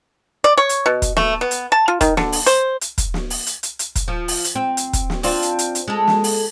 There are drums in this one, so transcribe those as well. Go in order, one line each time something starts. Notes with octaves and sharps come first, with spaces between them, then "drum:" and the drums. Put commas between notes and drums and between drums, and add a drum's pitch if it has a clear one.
D5
C#5
drum: hi-hat
B2
drum: kick, hi-hat
A3, drum: snare
B3
drum: hi-hat
A5
F4
D#3, drum: kick, hi-hat
D3, drum: snare
drum: open hi-hat
C5, drum: hi-hat
drum: hi-hat
drum: kick, hi-hat
drum: snare
drum: open hi-hat
drum: hi-hat
drum: hi-hat
drum: hi-hat
drum: kick, hi-hat
F3
drum: open hi-hat
drum: hi-hat
C4
drum: hi-hat
drum: kick, hi-hat
drum: snare
C4 D4 F4, drum: open hi-hat
drum: hi-hat
drum: hi-hat
drum: hi-hat
G#3 A4
drum: snare
drum: open hi-hat